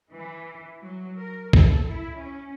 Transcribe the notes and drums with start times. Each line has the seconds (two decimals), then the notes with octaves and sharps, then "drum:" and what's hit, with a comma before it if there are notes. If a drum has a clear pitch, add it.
0.10 E3
0.81 F#3
1.18 A#4
1.53 A4, drum: kick
1.90 E4
2.20 C#4